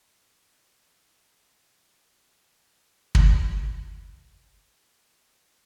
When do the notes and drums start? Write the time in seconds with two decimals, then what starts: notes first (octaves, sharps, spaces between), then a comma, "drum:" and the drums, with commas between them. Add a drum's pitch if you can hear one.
0.20 C#3 A3 C4
3.15 drum: kick
3.50 A#4
3.71 G#3
4.20 D#3
4.65 D#5
5.29 A#3